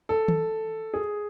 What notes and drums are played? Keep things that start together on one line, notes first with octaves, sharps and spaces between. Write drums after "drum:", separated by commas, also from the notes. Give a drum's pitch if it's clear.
A4
drum: tom D#3
G#4